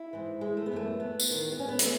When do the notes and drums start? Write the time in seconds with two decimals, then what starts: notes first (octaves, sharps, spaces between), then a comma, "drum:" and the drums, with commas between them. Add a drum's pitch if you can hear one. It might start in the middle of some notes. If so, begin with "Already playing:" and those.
Already playing: E4
0.13 G#2 E3
0.41 G#3
0.57 A3
0.66 B3
0.72 F#2 E3 A3
1.00 B3
1.20 drum: tambourine
1.30 E2 D#3
1.52 B3
1.59 C#4
1.68 B3
1.79 A3, drum: hi-hat